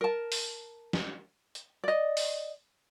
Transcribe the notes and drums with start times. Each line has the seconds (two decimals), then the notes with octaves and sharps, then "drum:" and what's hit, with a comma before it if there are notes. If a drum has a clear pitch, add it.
0.01 A#4 A5
0.32 drum: open hi-hat
0.93 drum: snare
1.55 drum: hi-hat
1.84 D5 D#5
2.17 drum: open hi-hat